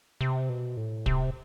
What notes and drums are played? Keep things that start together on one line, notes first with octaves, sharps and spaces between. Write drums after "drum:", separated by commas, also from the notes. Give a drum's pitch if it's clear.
C3
B2
A2
C3, drum: kick